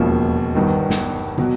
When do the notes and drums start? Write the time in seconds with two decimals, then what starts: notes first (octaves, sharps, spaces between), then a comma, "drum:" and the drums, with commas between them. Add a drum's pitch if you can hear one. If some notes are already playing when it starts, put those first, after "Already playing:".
Already playing: E1 D#2 C#3 F3 A#3
0.55 G1 G2 D#3
0.90 drum: snare
1.38 B2 F#3, drum: tom